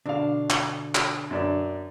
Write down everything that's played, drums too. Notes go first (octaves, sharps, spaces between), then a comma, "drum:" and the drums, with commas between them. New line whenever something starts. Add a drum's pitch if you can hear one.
B2 D3 D4 F5
drum: clap
drum: clap
F#2 D4